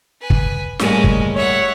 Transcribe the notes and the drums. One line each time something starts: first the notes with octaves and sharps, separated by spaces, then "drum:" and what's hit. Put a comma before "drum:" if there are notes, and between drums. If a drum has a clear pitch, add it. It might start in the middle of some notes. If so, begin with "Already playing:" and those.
B4 G#5
drum: kick
A2 G3 G#3 A#3 C#4, drum: snare
drum: kick
C#5 E5 F#5